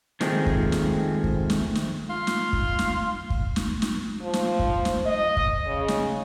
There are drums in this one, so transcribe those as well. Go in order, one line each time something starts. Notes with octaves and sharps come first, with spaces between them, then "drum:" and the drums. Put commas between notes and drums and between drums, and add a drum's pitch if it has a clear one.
D#3 F3 G#3 A3 C4, drum: snare
drum: kick
drum: snare
drum: kick
drum: snare
drum: snare
F4
drum: snare
drum: kick
drum: snare
drum: kick
drum: snare
drum: snare
F3
drum: snare
drum: kick
drum: snare
D#5
drum: kick
C#3
drum: snare